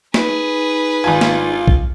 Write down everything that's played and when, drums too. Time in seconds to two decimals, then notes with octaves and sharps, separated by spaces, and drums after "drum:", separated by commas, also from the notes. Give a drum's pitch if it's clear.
0.14 D#4 G#4 B4, drum: snare
1.04 G#1 F4 G#5
1.21 drum: snare
1.68 drum: kick B1